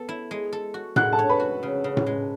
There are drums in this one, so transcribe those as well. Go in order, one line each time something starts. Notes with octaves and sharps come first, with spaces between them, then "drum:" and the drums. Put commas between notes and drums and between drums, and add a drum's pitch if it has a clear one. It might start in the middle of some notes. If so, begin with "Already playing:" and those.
Already playing: B3 A4
E4
G#3
A4
F#4
G#3 F#5 F#6, drum: tom A2
A4 A5
C#5
B4 B5
F#4
C#3
C#3
drum: tom A2
G#3